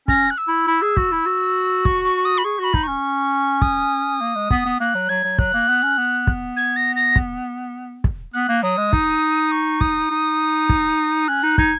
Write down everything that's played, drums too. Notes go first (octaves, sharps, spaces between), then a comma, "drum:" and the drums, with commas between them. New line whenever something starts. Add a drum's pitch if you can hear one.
C#4 A#6, drum: kick
F#6
E6
E4
E4
G#4
F#4, drum: kick
E4
F#4
C#6, drum: kick
C#6
D#6
B5
G#4 C#6
F#4
B5
D#4, drum: kick
C#4 C#6
D#6, drum: kick
A#3
G#3
B3, drum: kick
B3
A#3 F#6
F#3
F#3 G#6
F#3
F#3 F#6, drum: kick
A#3
B3
C#4
B3
drum: kick
G#6
A#6
A#6
drum: kick
drum: kick
B3 F#6
A#3
F#3 D#6
G#3
D#4, drum: kick
C#6
D#6, drum: kick
D#4
drum: kick
C#4 F#6
D#4
D#4 G#6, drum: kick